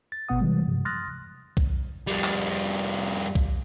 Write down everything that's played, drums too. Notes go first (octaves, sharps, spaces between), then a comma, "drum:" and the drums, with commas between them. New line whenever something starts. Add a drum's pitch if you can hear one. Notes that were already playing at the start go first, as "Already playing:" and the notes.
A6
G#1 B2 B3 F#5 D#6
C3 E3 G3 G#3
G2 C3 F3
C6 D#6 F6 F#6 A6 A#6
drum: kick B1
F2 G3
drum: clap
drum: kick B1